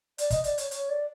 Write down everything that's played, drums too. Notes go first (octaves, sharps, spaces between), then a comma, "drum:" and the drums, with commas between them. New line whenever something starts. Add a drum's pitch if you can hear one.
D5, drum: hi-hat
D#5, drum: kick, hi-hat
D5, drum: hi-hat
C#5, drum: hi-hat
C#5, drum: hi-hat
D5